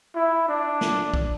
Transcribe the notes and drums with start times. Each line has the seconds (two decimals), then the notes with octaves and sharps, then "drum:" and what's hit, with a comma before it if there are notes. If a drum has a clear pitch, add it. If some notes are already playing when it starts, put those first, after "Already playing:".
0.15 E4
0.49 D4
0.81 drum: snare
1.14 drum: kick B1